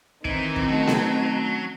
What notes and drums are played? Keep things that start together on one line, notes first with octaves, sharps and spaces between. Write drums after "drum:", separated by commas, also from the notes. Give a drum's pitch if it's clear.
D#3 E3 C4 D#4, drum: kick
drum: kick
F#3 A3 C#4 A5
drum: snare B3